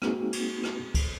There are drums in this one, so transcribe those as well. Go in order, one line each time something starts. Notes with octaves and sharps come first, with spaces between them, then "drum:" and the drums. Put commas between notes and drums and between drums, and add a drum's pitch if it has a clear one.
G#3 A#3 C4 D#4 F#4 G#4, drum: rim click
drum: cymbal
drum: rim click
drum: kick C#2, cymbal